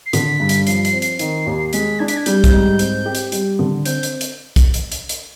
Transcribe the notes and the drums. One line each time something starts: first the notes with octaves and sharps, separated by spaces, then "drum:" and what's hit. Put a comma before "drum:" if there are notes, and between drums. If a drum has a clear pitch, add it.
C7
D3 B6, drum: hi-hat
G2
drum: hi-hat
F3 C7, drum: hi-hat
C7, drum: hi-hat
C4
C7, drum: hi-hat
D#3, drum: hi-hat
D#2
G#3 B6, drum: hi-hat
D4 G#6
B6, drum: hi-hat
G#6
G3 G6, drum: hi-hat
drum: kick, hi-hat
G#2
C4, drum: hi-hat
G4
drum: hi-hat
G3, drum: hi-hat
D3
C4 G6, drum: hi-hat
drum: hi-hat
drum: hi-hat
drum: kick, hi-hat
drum: hi-hat
drum: hi-hat
drum: hi-hat